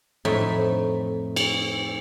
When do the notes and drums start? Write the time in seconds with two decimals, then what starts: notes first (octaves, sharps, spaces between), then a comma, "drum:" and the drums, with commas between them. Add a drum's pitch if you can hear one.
0.25 F2 A2 D#4 E5
1.36 drum: cymbal